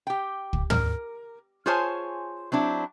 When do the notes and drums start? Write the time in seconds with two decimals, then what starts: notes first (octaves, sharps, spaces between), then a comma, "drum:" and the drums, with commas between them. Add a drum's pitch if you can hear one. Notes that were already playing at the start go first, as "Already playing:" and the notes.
0.07 G4 G5
0.53 drum: kick
0.70 A#4, drum: tom
1.66 F4 G#4 C5 C#5 G#5 A5
2.52 F#3 C4 D4 E4